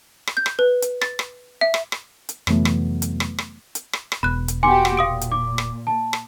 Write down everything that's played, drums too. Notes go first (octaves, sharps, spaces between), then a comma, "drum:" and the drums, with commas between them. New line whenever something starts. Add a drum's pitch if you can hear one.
drum: rim click
G6
drum: rim click
B4
drum: hi-hat
A6, drum: rim click
drum: rim click
E5
drum: rim click
drum: rim click
drum: hi-hat
F2 C3 E3 F#3 A3 B3, drum: rim click
drum: rim click
drum: hi-hat
drum: rim click
drum: rim click
drum: hi-hat
drum: rim click
drum: rim click
E1 B2 B5 F#6
drum: hi-hat
B3 F#4 G4 G#5 C6 D6 C#7
drum: rim click
A#2 F5 D#6 D7
drum: hi-hat
D6
drum: rim click
A5
drum: rim click